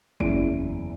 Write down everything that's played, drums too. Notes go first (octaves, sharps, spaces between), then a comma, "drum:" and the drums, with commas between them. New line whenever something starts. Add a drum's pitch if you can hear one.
F#1 E2 E4 D5 D7, drum: kick G1